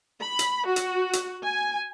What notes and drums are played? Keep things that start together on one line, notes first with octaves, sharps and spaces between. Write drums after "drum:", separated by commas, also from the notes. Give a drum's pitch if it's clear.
B5
drum: hi-hat
F#4
drum: hi-hat
drum: hi-hat
G#5